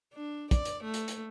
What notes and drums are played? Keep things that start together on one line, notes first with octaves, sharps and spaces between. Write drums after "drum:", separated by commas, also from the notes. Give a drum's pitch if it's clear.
D4
D5, drum: kick, hi-hat
drum: hi-hat
A3
drum: hi-hat
drum: hi-hat